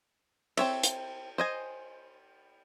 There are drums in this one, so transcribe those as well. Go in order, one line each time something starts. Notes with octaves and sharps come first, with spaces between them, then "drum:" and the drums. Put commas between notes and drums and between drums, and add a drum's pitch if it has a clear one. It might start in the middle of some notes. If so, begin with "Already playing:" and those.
C4 C#5 E5, drum: cymbal
drum: hi-hat
C5 D#5 G#5